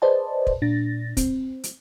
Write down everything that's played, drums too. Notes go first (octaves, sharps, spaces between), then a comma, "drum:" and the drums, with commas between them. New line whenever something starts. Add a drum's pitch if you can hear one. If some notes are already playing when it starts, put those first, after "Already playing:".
G#4 B4 C5 D5 D#5 A5
drum: kick
A#2 D4 A6 A#6
C4, drum: kick, hi-hat
drum: hi-hat